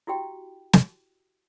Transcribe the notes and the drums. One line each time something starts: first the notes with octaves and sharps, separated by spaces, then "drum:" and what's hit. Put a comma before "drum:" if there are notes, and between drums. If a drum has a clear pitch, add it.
E4 F#4 G4 G5
drum: snare